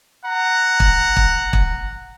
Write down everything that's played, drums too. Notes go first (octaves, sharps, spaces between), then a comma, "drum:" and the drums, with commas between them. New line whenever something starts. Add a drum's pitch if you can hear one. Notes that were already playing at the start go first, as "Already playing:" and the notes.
F#5 A#5
drum: kick
drum: kick
drum: kick